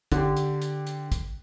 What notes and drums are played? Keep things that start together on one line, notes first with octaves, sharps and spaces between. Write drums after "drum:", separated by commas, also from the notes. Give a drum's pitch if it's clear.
D3 G4, drum: kick, hi-hat
drum: hi-hat
drum: hi-hat
drum: hi-hat
drum: kick, hi-hat